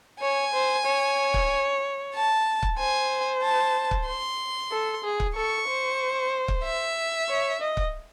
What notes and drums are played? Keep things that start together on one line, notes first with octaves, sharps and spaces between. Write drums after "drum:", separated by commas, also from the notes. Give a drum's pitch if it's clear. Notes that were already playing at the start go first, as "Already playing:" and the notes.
C#5 G#5
C5
C#5
drum: kick
A5
drum: kick
C5 G#5
A5
drum: kick
C6
A4
G#4
drum: kick
A4 C#6
C5
drum: kick
E5
C#5
D#5
drum: kick